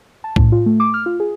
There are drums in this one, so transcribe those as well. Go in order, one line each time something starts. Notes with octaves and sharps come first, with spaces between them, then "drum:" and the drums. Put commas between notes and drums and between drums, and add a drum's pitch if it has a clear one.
A5
A2, drum: kick B1
F4
A3
D6
F6
F4
G#4